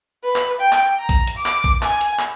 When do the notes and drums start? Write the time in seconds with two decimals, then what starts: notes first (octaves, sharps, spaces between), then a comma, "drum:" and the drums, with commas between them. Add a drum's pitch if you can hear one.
0.24 B4
0.36 drum: clap
0.60 G5
0.72 drum: clap
0.99 A#5
1.09 drum: kick, hi-hat
1.27 drum: hi-hat
1.36 D6
1.46 drum: clap
1.64 drum: kick
1.82 G#5, drum: clap
2.01 drum: hi-hat
2.19 drum: clap